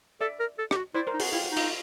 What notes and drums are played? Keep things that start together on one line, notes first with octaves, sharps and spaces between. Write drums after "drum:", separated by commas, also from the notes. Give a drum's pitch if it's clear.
A4 D5 E5
A#4
A4
G4, drum: rim click
F#4
E4 C5 D5
A#4 C5
D#4
F#4 G#4, drum: open hi-hat
E4 F4 G4
F#4
D#4
F4, drum: cymbal